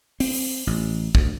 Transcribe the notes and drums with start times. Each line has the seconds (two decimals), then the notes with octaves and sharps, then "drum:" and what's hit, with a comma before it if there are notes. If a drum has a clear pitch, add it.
0.20 C4, drum: open hi-hat
0.67 A1
1.15 D2, drum: kick